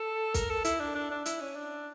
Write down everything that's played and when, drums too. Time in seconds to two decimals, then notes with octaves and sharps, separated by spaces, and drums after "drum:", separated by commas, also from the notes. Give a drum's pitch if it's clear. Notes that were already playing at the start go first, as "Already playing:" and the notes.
Already playing: A4
0.34 A#4, drum: kick, hi-hat
0.50 A4
0.64 E4, drum: hi-hat
0.80 D4
0.95 D4
1.11 D4
1.26 E4, drum: hi-hat
1.41 C#4
1.55 D4